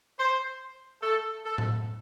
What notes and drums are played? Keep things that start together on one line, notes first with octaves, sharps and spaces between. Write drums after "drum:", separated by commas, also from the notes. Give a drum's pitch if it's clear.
C5
A4
A4
drum: tom A2